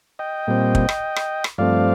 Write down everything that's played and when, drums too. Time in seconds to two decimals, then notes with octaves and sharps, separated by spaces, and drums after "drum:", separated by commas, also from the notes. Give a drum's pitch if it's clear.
0.19 D#5 G5
0.47 A#2 G3 C4
0.75 drum: kick
0.89 drum: rim click
1.16 drum: rim click
1.44 drum: rim click
1.58 G2 F3 A3 C4 D5 F5